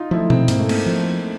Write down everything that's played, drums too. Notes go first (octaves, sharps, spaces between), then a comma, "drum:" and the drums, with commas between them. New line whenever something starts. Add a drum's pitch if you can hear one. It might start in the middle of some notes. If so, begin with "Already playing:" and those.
Already playing: D#4 F4
F3 A3 E4
C4, drum: tom B2
G#2 A#3, drum: hi-hat
A3
A#3, drum: cymbal
F3 A3